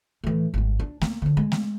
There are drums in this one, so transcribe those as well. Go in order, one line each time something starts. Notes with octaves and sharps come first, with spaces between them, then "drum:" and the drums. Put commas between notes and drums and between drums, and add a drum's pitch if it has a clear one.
A2 E3
G#1 G3
D4
A#3, drum: snare A3
D3 F3
G#3
drum: snare A3